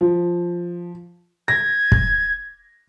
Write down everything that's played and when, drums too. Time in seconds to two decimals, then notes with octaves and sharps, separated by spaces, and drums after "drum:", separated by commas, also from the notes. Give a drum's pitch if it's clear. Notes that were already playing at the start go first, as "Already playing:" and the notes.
0.01 F3
1.48 G#6 A#6
1.92 drum: kick